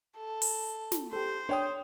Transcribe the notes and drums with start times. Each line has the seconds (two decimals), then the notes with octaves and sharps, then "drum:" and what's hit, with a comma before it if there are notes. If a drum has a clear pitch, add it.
0.17 A4
0.42 drum: open hi-hat
0.92 drum: snare
1.13 G4 A4 C5
1.49 D4 C#5 G5 D#6